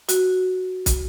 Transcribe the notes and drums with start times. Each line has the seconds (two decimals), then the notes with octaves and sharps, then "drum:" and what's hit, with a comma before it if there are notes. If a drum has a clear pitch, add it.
0.09 F#4, drum: hi-hat
0.86 drum: kick, hi-hat